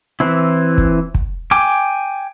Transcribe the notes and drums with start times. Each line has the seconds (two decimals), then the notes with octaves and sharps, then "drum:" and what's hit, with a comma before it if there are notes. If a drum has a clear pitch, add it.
0.20 E3 C4 E4
0.78 drum: kick
1.14 drum: kick
1.51 G5 G#5 D6